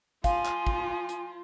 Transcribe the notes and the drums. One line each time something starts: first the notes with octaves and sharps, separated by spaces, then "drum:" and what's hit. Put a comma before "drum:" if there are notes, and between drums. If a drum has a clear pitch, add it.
F3 F4 F5 G#5, drum: kick, hi-hat
drum: clap
drum: kick
drum: hi-hat